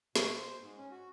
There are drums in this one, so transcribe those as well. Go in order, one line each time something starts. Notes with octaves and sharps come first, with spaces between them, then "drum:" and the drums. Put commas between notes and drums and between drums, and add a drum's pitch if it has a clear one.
B2, drum: snare
C5
G#2
C#4
F#4